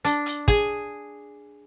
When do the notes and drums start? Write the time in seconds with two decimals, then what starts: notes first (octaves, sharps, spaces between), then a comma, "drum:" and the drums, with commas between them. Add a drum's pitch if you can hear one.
0.05 D4, drum: hi-hat
0.26 drum: hi-hat
0.48 G#4, drum: kick